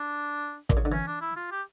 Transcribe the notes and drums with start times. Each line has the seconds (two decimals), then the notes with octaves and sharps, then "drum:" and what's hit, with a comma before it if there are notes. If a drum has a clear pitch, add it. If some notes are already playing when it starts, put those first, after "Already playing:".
Already playing: D4
0.70 A#2, drum: kick
0.77 C#3
0.85 D3
0.92 E3 C#4
1.07 D4
1.21 E4
1.36 F4
1.51 G4